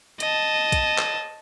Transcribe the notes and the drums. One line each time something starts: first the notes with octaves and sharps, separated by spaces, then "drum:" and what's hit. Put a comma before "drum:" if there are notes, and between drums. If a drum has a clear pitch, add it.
D#5 A5, drum: hi-hat
drum: kick, hi-hat
drum: clap